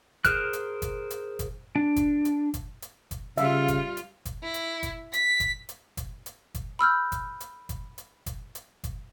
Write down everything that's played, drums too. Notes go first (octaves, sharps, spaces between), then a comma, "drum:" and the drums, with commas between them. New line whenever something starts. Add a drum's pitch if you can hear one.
G#4 A#4 C5 F6 F#6, drum: kick F#1, hi-hat
drum: hi-hat
drum: kick F#1, hi-hat
drum: hi-hat
drum: kick F#1, hi-hat
D4
drum: kick F#1, hi-hat
drum: hi-hat
drum: kick F#1, hi-hat
drum: hi-hat
drum: kick F#1, hi-hat
C#3 G3 F4 E5 F5, drum: hi-hat
drum: kick F#1, hi-hat
drum: hi-hat
drum: kick F#1, hi-hat
E4
drum: hi-hat
drum: kick F#1, hi-hat
B6, drum: hi-hat
drum: kick F#1, hi-hat
drum: hi-hat
drum: kick F#1, hi-hat
drum: hi-hat
drum: kick F#1, hi-hat
B5 E6 F6 G6
drum: kick F#1, hi-hat
drum: hi-hat
drum: kick F#1, hi-hat
drum: hi-hat
drum: kick F#1, hi-hat
drum: hi-hat
drum: kick F#1, hi-hat